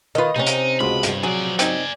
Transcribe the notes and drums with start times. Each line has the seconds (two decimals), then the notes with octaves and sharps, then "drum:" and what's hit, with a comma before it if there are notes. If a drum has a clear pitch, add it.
0.15 D#3 F4 B4 D#5
0.36 C3 C4 C#4 D#4
0.47 drum: hi-hat
0.80 C#2 B2 F4 B5
1.03 G2, drum: hi-hat
1.23 F3 F#3 G#4 D5
1.59 C4 D#4 D5 G#5, drum: hi-hat